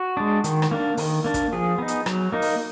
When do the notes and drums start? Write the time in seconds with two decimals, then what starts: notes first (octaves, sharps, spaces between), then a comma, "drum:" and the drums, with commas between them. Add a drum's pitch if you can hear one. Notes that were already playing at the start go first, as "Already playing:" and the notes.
Already playing: F#4
0.17 G#3 D4
0.44 D#3, drum: hi-hat
0.62 drum: rim click
0.71 A#3 D4
0.97 D#3, drum: open hi-hat
1.24 A#3 D4
1.34 drum: kick, hi-hat
1.52 F3 G#4
1.78 B3 D#4
1.88 drum: hi-hat
2.06 F#3, drum: rim click
2.32 A#3 D#4
2.42 drum: open hi-hat